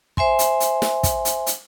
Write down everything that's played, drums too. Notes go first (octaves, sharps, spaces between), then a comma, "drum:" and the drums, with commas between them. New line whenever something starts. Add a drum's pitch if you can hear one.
C5 E5 G#5 C6, drum: kick
drum: hi-hat
drum: hi-hat
drum: snare
drum: kick, hi-hat
drum: hi-hat
drum: hi-hat